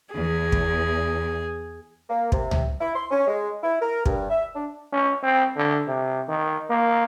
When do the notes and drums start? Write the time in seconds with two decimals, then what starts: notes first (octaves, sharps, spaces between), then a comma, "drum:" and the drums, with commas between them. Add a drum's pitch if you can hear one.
0.15 E2 G#4
0.52 drum: kick
2.10 A#3
2.32 C3, drum: kick
2.51 drum: tom C#2
2.80 E4
2.96 C6
3.11 C#4
3.27 G#3
3.63 E4
3.81 A#4
4.06 G2, drum: kick
4.30 E5
4.55 D4
4.93 C#4
5.23 C4
5.56 D3
5.87 C3
6.28 D#3
6.70 A#3